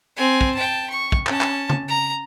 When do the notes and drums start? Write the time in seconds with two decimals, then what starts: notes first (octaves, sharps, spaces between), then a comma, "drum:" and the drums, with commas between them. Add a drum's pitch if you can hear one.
0.17 C4 G#5
0.41 drum: kick
0.55 G5 A5
0.90 C#6
1.12 drum: kick
1.27 C#4 A5, drum: clap
1.41 drum: clap
1.70 drum: tom C#3
1.88 A#5